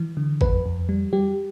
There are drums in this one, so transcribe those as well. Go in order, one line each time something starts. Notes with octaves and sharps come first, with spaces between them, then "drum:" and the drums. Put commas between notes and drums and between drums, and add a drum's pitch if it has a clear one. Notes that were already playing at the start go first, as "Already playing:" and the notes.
Already playing: E3
D3
F2 B4, drum: kick G#1
F2
G3
G3 G4